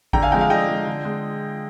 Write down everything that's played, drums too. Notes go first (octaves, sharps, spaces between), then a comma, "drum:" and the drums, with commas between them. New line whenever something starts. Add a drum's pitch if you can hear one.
D3 G5 A#5, drum: kick G#1
F5 G#5
F3 G#3 G5 A#5
F5 G#5
D3 D#5 G5
F3 G#3
D3
G#3